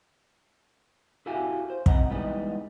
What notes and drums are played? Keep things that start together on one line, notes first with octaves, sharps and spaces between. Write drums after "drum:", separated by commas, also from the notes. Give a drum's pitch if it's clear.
E4 F#4 G4 A4 F5 G#5
C5
E2 C3 D#5 F#5 A#5, drum: kick
E3 G3 G#3 B3 D#4